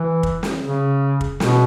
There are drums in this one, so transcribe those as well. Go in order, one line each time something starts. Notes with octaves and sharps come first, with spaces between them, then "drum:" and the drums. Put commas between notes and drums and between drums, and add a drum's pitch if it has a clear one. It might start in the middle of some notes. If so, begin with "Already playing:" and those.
Already playing: E3
drum: kick
drum: snare
C#3
drum: kick
B2, drum: snare